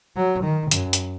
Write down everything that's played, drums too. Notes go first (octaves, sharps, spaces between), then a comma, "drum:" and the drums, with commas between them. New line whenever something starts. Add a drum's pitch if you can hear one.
F#3
D#3
F#2, drum: hi-hat
drum: hi-hat